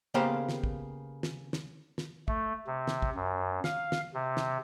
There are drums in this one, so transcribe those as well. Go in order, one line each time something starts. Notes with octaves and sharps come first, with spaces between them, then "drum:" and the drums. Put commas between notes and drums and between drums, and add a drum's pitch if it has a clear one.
C#3 A#3 B3 G4 C5 F5
drum: snare
drum: kick
drum: snare
drum: snare
drum: snare
A3, drum: kick
C3
drum: snare
drum: kick
F#2
F5, drum: snare
drum: snare
C3
drum: snare